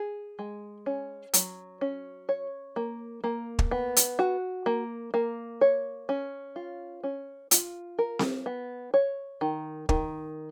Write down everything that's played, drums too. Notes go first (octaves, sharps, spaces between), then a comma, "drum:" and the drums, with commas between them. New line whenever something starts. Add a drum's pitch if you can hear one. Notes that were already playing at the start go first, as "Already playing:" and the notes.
Already playing: G#4
G#3
C#4
F#3, drum: hi-hat
C#4
C#5
A#3
A#3
drum: kick
B3
drum: hi-hat
F#4
A#3
A#3
C#5
C#4
F4
C#4
F4, drum: hi-hat
A#4
drum: snare C4
B3
C#5
D#3
D#3, drum: kick